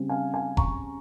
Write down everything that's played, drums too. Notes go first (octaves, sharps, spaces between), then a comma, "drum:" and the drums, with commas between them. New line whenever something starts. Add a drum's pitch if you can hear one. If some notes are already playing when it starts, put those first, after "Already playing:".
Already playing: C#3 G3 C4
F5 G#5
F5 G#5
A#5 C#6, drum: kick F1